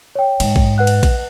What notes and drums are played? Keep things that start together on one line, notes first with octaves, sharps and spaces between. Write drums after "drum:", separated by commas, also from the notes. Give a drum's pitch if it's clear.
C#5 G5
G#2, drum: cymbal
drum: kick A#1
B4 F#5 F#6
drum: cymbal
drum: kick A#1, cymbal